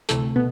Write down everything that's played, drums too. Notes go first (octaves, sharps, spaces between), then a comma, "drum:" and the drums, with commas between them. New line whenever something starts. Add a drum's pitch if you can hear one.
D2 C3 E3 A3 A4, drum: hi-hat
B2 B3